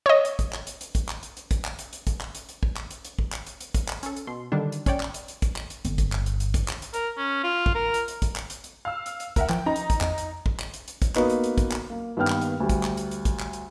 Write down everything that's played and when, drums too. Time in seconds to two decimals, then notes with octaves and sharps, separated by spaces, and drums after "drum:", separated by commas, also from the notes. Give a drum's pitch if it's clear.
0.06 C#5 D#5
0.25 drum: hi-hat
0.39 drum: kick, hi-hat
0.53 drum: clap
0.67 drum: hi-hat
0.81 drum: hi-hat
0.95 drum: kick, hi-hat
1.09 drum: clap
1.23 drum: hi-hat
1.37 drum: hi-hat
1.51 drum: kick, hi-hat
1.65 drum: clap
1.79 drum: hi-hat
1.93 drum: hi-hat
2.07 drum: kick, hi-hat
2.21 drum: clap
2.35 drum: hi-hat
2.49 drum: hi-hat
2.63 drum: kick
2.77 drum: clap
2.91 drum: hi-hat
3.05 drum: hi-hat
3.19 drum: kick
3.33 drum: clap
3.47 drum: hi-hat
3.60 drum: hi-hat
3.74 drum: kick, hi-hat
3.88 drum: clap
4.03 C#4 A4, drum: hi-hat
4.16 drum: hi-hat
4.27 B2 C6
4.52 D3 D#3 G3 D4
4.72 drum: hi-hat
4.86 C#4 C#5 D5 G5, drum: kick, hi-hat
5.00 drum: clap
5.14 drum: hi-hat
5.28 drum: hi-hat
5.42 drum: kick, hi-hat
5.56 drum: clap
5.70 drum: hi-hat
5.85 G1, drum: hi-hat
5.98 drum: kick, hi-hat
6.12 drum: clap
6.26 drum: hi-hat
6.40 drum: hi-hat
6.54 drum: kick, hi-hat
6.68 drum: clap
6.82 drum: hi-hat
6.94 A#4, drum: hi-hat
7.18 C#4
7.43 F4
7.66 drum: kick
7.75 A#4
7.94 drum: hi-hat
8.08 drum: hi-hat
8.22 drum: kick, hi-hat
8.36 drum: clap
8.50 drum: hi-hat
8.64 drum: hi-hat
8.85 F5 E6
9.06 drum: hi-hat
9.20 drum: hi-hat
9.36 D2 A#4 E5 F#5, drum: kick, hi-hat
9.49 F3 G5, drum: clap
9.66 D#4 A#5
9.76 drum: hi-hat
9.90 drum: kick, hi-hat
10.01 F2, drum: clap
10.18 drum: hi-hat
10.46 drum: kick
10.60 drum: clap
10.74 drum: hi-hat
10.88 drum: hi-hat
11.02 drum: kick, hi-hat
11.16 A#3 B3 D#4 F#4 B4, drum: clap
11.30 drum: hi-hat
11.44 drum: hi-hat
11.58 drum: kick, hi-hat
11.72 drum: clap
11.90 A#3
12.17 G2 D#3 A#3 B3 G5 F6
12.27 drum: clap
12.41 drum: hi-hat
12.60 D2 G3
12.69 drum: kick, hi-hat
12.83 drum: clap
12.97 drum: hi-hat
13.11 drum: hi-hat
13.25 drum: kick, hi-hat
13.39 drum: clap
13.53 drum: hi-hat